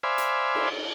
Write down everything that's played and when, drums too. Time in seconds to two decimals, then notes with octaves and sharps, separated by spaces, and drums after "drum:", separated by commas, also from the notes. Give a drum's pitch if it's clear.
0.03 C5 D5 E5 F5 G#5 B5
0.18 drum: hi-hat
0.55 drum: cymbal